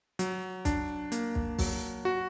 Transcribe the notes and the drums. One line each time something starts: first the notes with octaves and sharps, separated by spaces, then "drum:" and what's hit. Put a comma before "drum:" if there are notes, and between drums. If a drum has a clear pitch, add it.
F#3, drum: hi-hat
D4, drum: kick, hi-hat
A#3, drum: hi-hat
drum: kick
F#3, drum: kick, open hi-hat
F#4